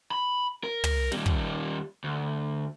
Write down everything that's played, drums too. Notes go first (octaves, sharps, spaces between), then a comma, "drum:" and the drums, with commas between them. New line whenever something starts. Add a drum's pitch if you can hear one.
B5
A#4
drum: tom
D#2 G3, drum: snare
drum: kick
D2